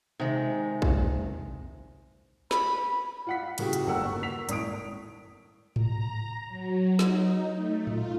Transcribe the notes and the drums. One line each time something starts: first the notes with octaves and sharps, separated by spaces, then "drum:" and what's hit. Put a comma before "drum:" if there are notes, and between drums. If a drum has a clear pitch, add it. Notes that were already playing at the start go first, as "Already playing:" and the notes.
C3 D#3 G#3
drum: kick
B5, drum: snare
F4 F#5 B6
A2 C#3 A#3 F#4 G4, drum: cymbal
drum: hi-hat
G1 D#2 A4 A#4 F#5 E6
C#6
A#3 B6 F7
G#1 A2 D#6 D7, drum: hi-hat
A#5, drum: tom G#2
F#3
D#4, drum: snare
A3
F4, drum: tom A2